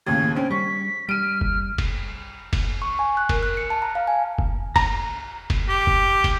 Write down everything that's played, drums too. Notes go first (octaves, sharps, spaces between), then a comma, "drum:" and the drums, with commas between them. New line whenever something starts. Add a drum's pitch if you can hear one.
D#2 A2 C#3 G#6
C4 C#4 G5
G3 C#6 B6
G3 F6 D7 D#7
drum: kick
drum: kick, cymbal
drum: kick, cymbal
C#6
G#5
F#6
A#4, drum: kick, cymbal
F#6
C#7
A5
A#5
F5
G#5
drum: kick
A#5, drum: kick, cymbal
drum: kick, cymbal
G4
drum: kick
drum: kick, cymbal